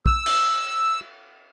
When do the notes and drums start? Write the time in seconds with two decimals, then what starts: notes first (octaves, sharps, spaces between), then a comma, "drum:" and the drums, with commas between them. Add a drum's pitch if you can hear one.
0.06 E6, drum: kick
0.26 drum: cymbal